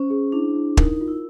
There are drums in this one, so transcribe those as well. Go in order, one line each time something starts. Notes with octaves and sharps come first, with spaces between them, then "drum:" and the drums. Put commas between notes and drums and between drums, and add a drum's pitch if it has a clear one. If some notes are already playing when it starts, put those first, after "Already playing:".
Already playing: C#4 C5
G#4
D4 E4
E4
D#4 A#4, drum: kick
F4
E4